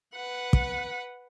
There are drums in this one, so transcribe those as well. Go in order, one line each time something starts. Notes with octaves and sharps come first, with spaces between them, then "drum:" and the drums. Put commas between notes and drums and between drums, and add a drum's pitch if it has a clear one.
B4 F#5
drum: kick